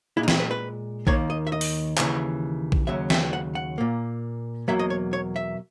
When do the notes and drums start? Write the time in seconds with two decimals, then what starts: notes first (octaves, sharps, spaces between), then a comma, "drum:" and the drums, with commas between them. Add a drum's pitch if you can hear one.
0.17 A#2 G#3 E4
0.23 D#4
0.28 E4, drum: snare
0.40 B4
0.51 B4
1.07 D#2 D#3 A#3 C#5, drum: kick A#1
1.30 D#5
1.47 E5
1.52 D#5
1.61 drum: open hi-hat
1.97 D#2 C#3 E3, drum: clap
2.72 drum: kick A#1
2.87 D#2 C#3 F#3 E5
3.10 E5, drum: snare
3.33 F#5
3.55 F#5
3.78 A#2 A#3
4.68 E2 B2 F#3 A#3 E5
4.79 D#5
4.90 C#5
5.13 C#5
5.36 E5